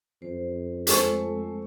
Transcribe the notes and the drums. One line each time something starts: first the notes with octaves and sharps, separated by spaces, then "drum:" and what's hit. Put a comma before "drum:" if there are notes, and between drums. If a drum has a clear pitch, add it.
F2 C5
G#3 A3 A4 C5 C#6, drum: hi-hat